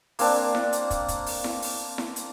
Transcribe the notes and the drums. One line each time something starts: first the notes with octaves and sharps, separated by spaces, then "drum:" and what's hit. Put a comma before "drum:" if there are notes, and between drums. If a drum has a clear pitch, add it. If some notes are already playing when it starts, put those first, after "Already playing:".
A#3 C4 D4, drum: open hi-hat
drum: snare E4
drum: hi-hat
drum: kick, hi-hat
drum: kick, hi-hat
drum: open hi-hat
drum: snare E4
drum: open hi-hat
drum: snare E4
drum: hi-hat